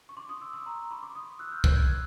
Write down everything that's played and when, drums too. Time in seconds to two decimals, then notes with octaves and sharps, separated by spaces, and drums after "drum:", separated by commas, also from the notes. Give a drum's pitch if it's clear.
0.09 C#6
0.17 C6 D6
0.29 C#6 D#6
0.41 D6 E6
0.53 C6 D6
0.66 A#5 C6
0.91 B5 C#6
1.02 C6 D6
1.15 C#6 D#6
1.39 E6 F#6
1.52 F6 G6
1.64 G6 A6, drum: kick
1.76 F#6 G#6
1.88 E6 F#6